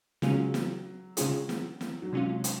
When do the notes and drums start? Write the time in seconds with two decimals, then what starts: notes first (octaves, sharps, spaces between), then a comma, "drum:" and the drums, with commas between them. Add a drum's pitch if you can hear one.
0.22 C#3 F#3 G#3 C#4 F4 G#4, drum: snare
0.54 drum: snare
1.17 C#3 G#3 C#4 F4 G#4, drum: hi-hat
1.49 drum: snare
1.81 drum: snare
2.02 F#3
2.13 C3 F#3 G#3 C#4 F4
2.44 drum: hi-hat